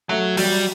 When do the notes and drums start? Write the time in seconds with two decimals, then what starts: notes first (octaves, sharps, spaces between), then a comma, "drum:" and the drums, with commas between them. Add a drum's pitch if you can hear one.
0.09 F#3 A3
0.37 F#3 G3, drum: open hi-hat